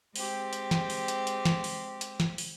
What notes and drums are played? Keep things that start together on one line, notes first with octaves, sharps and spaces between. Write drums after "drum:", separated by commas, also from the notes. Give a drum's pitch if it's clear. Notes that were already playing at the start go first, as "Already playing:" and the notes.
G#3 C4 G4, drum: open hi-hat
drum: hi-hat
drum: snare
drum: open hi-hat
drum: hi-hat
drum: hi-hat
drum: snare
drum: open hi-hat
drum: hi-hat
drum: snare
drum: open hi-hat